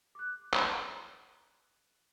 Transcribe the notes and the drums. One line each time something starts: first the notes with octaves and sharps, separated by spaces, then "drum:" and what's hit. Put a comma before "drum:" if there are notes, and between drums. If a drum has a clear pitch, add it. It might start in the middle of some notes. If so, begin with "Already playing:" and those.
D6 F#6
drum: clap